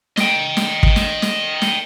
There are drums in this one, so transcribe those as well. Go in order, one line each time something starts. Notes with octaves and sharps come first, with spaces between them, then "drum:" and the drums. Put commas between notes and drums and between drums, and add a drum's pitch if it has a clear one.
D#5 G5, drum: snare
drum: snare
drum: kick
drum: snare
drum: snare
drum: snare